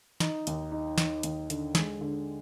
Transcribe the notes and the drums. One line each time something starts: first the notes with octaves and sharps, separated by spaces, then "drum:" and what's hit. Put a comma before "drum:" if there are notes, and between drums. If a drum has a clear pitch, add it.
D#4, drum: snare
D#2, drum: hi-hat
D#4
D#4, drum: snare
D#2, drum: hi-hat
D3, drum: hi-hat
G#3, drum: snare
D3